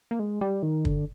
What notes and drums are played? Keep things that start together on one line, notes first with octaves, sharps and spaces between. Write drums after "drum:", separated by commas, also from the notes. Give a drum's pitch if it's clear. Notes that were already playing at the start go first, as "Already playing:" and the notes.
A#3
G#3
G3
D#3
D3, drum: kick